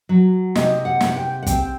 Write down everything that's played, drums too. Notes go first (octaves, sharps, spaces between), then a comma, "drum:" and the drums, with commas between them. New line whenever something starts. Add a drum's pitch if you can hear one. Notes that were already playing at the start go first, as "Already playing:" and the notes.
F#3
C3 D#5, drum: snare
F#5
C3 F#5, drum: snare
G5
F#5
C4 G5, drum: kick, hi-hat